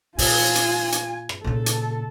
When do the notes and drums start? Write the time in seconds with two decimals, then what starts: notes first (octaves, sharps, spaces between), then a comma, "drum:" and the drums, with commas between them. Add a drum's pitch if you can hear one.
0.18 A#2 F4 G#5, drum: open hi-hat
0.55 drum: hi-hat
0.92 drum: hi-hat
1.29 drum: rim click
1.44 A#2 C#3 A4
1.66 drum: hi-hat